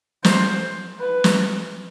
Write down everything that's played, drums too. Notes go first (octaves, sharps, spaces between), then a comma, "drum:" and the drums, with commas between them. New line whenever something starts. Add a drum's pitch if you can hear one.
C5, drum: snare
B4
drum: snare